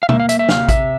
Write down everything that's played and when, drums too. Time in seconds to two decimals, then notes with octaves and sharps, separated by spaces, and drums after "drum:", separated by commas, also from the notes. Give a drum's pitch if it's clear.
0.03 F5
0.09 A#3 E5, drum: tom B2
0.20 F5
0.29 E5, drum: hi-hat
0.39 E5
0.49 C3 F5, drum: snare
0.69 E5, drum: kick A1, hi-hat